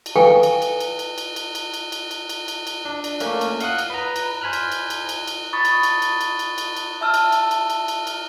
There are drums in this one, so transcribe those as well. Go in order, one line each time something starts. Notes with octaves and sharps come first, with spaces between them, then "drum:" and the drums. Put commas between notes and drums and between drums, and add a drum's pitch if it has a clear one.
drum: cymbal
A4 B4 F5 G5 G#5
drum: cymbal
drum: cymbal
drum: cymbal
drum: cymbal
drum: cymbal
drum: cymbal
drum: cymbal
drum: cymbal
drum: cymbal
drum: cymbal
drum: cymbal
drum: cymbal
drum: cymbal
D4
drum: cymbal
A3 A#3 C#4, drum: cymbal
drum: cymbal
F5 F#5 D#6 F#6, drum: cymbal
drum: cymbal
B4 A#5
drum: cymbal
C5 G#5 B5 F6 F#6
drum: cymbal
drum: cymbal
drum: cymbal
drum: cymbal
drum: cymbal
B5 C#6 D#6 A6
drum: cymbal
drum: cymbal
drum: cymbal
drum: cymbal
drum: cymbal
drum: cymbal
drum: cymbal
E5 A5 E6 F6
drum: cymbal
drum: cymbal
drum: cymbal
drum: cymbal
drum: cymbal
drum: cymbal